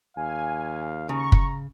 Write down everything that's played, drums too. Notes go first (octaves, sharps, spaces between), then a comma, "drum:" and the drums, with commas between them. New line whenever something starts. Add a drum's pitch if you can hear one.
D#2 F5 G#5
C#3 A#5 C#6
drum: kick